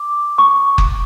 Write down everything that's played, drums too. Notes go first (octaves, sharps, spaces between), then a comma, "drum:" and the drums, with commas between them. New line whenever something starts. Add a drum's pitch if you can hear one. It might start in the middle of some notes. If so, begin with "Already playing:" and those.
Already playing: D6
C#6
drum: kick F#1